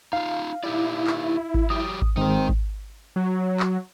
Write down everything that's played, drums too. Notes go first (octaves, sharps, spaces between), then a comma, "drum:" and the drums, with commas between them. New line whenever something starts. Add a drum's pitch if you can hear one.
D#4 F4 F5
D#4 E4 G4 D5
drum: clap
drum: kick G#1
F#3 G4 D#6
drum: kick G#1
G#1 G#3 C4 D#4 A#4
drum: kick G#1
F#3
drum: clap